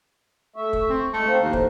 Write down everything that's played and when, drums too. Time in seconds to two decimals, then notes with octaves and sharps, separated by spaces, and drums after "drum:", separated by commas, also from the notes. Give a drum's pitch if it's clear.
0.56 A3 E5 C#6
0.73 drum: kick
0.89 C4
1.13 D2 G#3 A3
1.28 C4 D#4 C5 F5
1.42 D#2 A2 F3
1.53 drum: kick